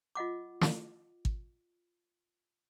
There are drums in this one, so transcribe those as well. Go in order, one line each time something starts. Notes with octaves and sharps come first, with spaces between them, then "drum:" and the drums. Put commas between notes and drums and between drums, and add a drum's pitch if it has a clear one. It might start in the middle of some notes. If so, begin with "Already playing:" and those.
F4 D#5 F#5 D6
drum: snare
drum: kick